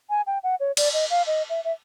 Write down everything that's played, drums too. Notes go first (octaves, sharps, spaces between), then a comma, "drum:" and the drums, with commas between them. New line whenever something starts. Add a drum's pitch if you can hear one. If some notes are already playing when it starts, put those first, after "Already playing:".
G#5
G5
F#5
C#5
D5, drum: cymbal
D#5
F5
D#5
E5
E5